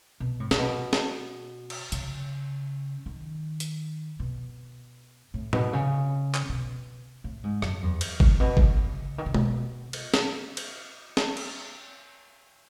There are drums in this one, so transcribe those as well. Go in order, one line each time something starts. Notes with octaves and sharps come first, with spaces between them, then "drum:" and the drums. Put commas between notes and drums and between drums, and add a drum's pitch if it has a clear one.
B2
A2
A2, drum: snare
B2
drum: snare
drum: cymbal
C#3, drum: hi-hat
D#3
drum: hi-hat
B2
A2
B2, drum: tom A2
C#3
drum: clap
B2
A2
G#2
F#2, drum: rim click
E2
drum: cymbal
A2, drum: kick
B2
drum: kick
C#3
D#3
C#3
B2, drum: tom
drum: cymbal
drum: snare
drum: cymbal
drum: snare
drum: cymbal